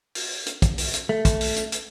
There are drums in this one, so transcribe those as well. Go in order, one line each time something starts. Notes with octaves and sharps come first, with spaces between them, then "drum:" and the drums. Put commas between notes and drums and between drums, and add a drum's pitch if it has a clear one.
drum: open hi-hat
drum: hi-hat
drum: kick, hi-hat
drum: open hi-hat
drum: hi-hat
A3
drum: kick, hi-hat
drum: open hi-hat
drum: hi-hat
drum: hi-hat